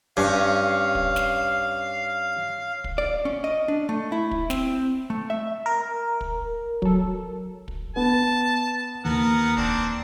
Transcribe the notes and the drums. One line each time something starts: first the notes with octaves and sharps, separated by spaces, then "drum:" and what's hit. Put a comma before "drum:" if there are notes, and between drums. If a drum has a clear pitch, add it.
G2 C#4 F5
drum: kick
drum: snare
drum: kick
D5
C#4
D#5
D4
A3
E4
drum: kick
C4, drum: snare
A3
E5
A#4
drum: kick
F#3 A4, drum: kick
drum: kick
B3 A5
D#2 B3 A#4 F#5
C4 D4, drum: kick